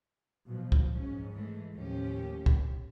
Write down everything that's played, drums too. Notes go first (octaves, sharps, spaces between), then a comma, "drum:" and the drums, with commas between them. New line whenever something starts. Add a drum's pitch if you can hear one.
B2 F3 F#3
drum: kick
G#2 C#4
E3 G#3 A3
D#2 A2 F3 C#4 G4
drum: kick